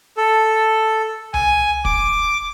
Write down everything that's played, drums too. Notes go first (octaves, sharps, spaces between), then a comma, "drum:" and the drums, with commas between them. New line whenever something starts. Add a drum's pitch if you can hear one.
A4
G#5, drum: tom C2
D6, drum: kick